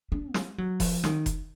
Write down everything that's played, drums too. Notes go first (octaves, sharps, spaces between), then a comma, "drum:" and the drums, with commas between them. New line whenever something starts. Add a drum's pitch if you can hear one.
D4
G#3, drum: snare
F#3
F3, drum: kick F1, open hi-hat
D#3, drum: snare
drum: kick F1, hi-hat